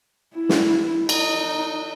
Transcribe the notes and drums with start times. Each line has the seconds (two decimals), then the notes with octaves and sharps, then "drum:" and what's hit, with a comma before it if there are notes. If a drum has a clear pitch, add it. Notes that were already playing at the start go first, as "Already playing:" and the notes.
0.35 E4
0.49 drum: snare
1.09 D#4, drum: cymbal